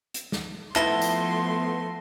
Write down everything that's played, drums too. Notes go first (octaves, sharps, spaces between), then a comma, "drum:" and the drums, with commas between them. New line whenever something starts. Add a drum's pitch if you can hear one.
drum: hi-hat
drum: snare
F3 A3 B3 E4 A5 C6 A#6 G7, drum: clap
drum: tambourine